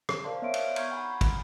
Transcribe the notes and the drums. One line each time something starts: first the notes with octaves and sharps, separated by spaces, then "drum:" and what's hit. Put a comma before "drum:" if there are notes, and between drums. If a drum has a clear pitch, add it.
drum: rim click
A#4 C5 D5 F5 A5 C6
B3 C#5 E5 F5 C6 D7
drum: cymbal
A#5 C6 C#6 F6 G6 G#6, drum: cymbal
F#5 G#5 A#5 B5
drum: kick, cymbal